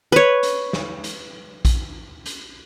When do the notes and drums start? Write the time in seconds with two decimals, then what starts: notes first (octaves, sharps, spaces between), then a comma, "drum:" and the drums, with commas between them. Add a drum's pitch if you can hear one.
0.12 B4 C#5
0.43 drum: hi-hat
0.73 drum: snare
1.04 drum: hi-hat
1.65 drum: kick A#1, hi-hat
2.26 drum: hi-hat